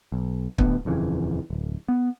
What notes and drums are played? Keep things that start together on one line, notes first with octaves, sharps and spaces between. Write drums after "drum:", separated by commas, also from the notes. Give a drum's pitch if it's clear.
B1
A2 D3 B3, drum: kick
D#1 F2 C#3 E3
D1
B3